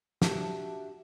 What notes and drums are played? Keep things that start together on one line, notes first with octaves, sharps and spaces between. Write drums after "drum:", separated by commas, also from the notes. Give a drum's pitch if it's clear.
D4 F#4 G4 D5 E5 A5, drum: snare